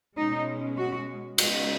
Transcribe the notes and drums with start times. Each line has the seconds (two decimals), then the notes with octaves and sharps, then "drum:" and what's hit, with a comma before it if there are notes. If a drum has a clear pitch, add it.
0.17 B2 G#3 C#4 D#4
0.77 F#4
1.38 C#3 G#3 B3 F#4, drum: cymbal